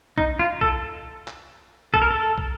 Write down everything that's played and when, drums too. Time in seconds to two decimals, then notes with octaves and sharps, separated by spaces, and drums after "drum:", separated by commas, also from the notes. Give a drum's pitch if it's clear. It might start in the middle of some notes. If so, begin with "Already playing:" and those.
0.18 D#4, drum: kick
0.39 F4
0.61 A4, drum: kick
1.27 drum: clap
1.94 A4, drum: kick
2.02 A#4
2.11 A4
2.38 drum: kick